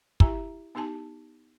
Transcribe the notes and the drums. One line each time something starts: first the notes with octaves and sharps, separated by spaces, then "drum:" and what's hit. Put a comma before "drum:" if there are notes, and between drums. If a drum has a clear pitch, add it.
E4 G4 E5 G#5 A#5, drum: kick
B3 D#4 G4 G#5 A5